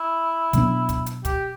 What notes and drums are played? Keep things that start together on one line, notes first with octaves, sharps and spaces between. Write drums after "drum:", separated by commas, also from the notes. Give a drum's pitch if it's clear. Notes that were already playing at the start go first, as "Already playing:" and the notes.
Already playing: E4
B2 F#3 B3 D4, drum: kick, hi-hat
drum: kick, hi-hat
drum: hi-hat
G4, drum: kick, hi-hat